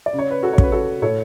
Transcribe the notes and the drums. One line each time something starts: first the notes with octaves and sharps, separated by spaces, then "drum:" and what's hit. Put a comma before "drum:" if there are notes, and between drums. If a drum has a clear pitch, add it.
D5
C#3
C#5
B4
F#4 A4
C#5
C#3, drum: kick
B4
F#4 A4
A2 A4 C#5